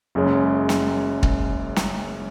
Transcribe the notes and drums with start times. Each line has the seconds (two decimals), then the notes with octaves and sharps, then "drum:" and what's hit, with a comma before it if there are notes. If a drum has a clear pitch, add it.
0.15 F#1 F#2 C#3 G#3
0.69 drum: snare
1.23 drum: kick
1.76 drum: snare